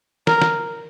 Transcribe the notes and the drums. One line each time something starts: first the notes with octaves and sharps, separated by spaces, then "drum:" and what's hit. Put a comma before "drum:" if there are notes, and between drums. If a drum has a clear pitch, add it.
A#4, drum: snare
drum: snare